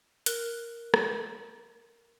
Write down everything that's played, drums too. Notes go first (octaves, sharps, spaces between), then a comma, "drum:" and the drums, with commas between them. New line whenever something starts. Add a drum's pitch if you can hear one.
A#4 F#6, drum: hi-hat
drum: rim click